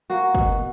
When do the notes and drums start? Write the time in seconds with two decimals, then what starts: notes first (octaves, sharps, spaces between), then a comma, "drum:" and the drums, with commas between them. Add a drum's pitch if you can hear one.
0.10 A#3 F#4
0.35 B2, drum: kick